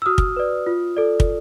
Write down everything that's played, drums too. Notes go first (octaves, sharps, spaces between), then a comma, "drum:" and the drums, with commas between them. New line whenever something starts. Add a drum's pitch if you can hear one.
E6
F#4 D#6 F6
drum: kick
B4 D5
F4
A4 D5
drum: kick